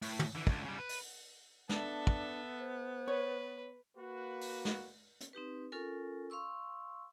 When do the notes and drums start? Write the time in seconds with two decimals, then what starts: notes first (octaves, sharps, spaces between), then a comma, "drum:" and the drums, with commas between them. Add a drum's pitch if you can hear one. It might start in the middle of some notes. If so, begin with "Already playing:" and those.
0.02 A2, drum: open hi-hat
0.19 drum: tom
0.35 D3 E3
0.47 C#2 D3, drum: kick
0.65 C#3 G3
0.78 B4
0.89 drum: open hi-hat
1.69 B3 D4 A4 E5, drum: snare
2.07 drum: kick
2.60 C5
3.08 B4 C#5
3.97 A#3 F#4 B4
4.41 drum: open hi-hat
4.65 drum: snare
5.21 drum: hi-hat
5.33 C4 D#4 G4 B4
5.72 C#4 F4 A4 A#4 G#5
6.30 F5 C6 C#6 E6